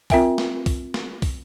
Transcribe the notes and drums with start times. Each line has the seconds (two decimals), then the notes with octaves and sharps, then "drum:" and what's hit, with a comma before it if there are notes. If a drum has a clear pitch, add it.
0.10 C4 F4 A#4 E5 G5 G#5, drum: kick, open hi-hat
0.38 drum: snare
0.66 drum: kick, open hi-hat
0.94 drum: snare
1.22 drum: kick, open hi-hat